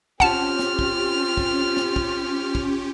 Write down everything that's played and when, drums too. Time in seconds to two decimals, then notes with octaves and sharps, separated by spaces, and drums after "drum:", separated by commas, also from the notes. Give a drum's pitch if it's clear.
0.20 C4 C#4 F4 G4 F#5 A5 F6, drum: kick
0.59 drum: snare
0.79 drum: kick
1.37 drum: kick
1.77 drum: snare
1.96 drum: kick
2.55 drum: kick